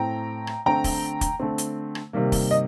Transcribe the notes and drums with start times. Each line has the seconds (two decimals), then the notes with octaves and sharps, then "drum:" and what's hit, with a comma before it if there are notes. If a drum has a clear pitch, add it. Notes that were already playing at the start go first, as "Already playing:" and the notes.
Already playing: A2 A3 C4 G5 A#5
0.47 drum: rim click
0.66 D3 A3 C4 G5 A#5
0.84 drum: kick, open hi-hat
1.21 drum: kick, hi-hat
1.40 D3 A3 C4
1.58 drum: hi-hat
1.95 drum: rim click
2.13 C3 D#3 G3 A#3
2.32 drum: kick, open hi-hat
2.51 D#5